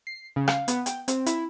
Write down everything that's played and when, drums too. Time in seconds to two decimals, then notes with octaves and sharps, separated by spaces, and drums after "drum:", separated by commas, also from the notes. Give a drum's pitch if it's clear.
0.07 C7
0.36 C#3
0.48 F5, drum: rim click
0.68 B3, drum: hi-hat
0.86 G5, drum: hi-hat
1.08 C4, drum: hi-hat
1.26 E4, drum: hi-hat